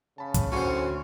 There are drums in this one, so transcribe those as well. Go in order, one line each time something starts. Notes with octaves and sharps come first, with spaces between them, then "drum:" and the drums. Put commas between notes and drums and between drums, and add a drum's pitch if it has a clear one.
C#3 A5 B5
drum: kick, hi-hat
D2 A2 D3 C#4 F#4 C5 C6